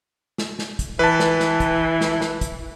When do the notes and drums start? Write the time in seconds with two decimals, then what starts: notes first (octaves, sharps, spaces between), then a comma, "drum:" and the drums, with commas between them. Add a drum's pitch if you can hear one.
0.38 drum: snare
0.59 drum: snare
0.79 drum: kick, hi-hat
0.99 E3 B4 A5
1.20 drum: snare
1.40 drum: snare
1.60 drum: kick, hi-hat
2.01 drum: snare
2.21 drum: snare
2.41 drum: kick, hi-hat